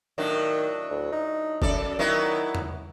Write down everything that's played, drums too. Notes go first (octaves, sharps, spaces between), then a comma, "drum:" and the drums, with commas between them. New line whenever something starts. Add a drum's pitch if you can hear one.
A2 D#3 F#3 D4
D2
D#4
F#2 A4 D5, drum: kick F#1
D#3 F#3 B3 E4
drum: tom E2